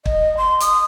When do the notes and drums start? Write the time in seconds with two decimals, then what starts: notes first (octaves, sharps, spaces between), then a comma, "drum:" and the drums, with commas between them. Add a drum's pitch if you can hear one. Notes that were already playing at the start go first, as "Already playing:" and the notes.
0.06 D#5, drum: kick
0.37 C6
0.60 D#6, drum: hi-hat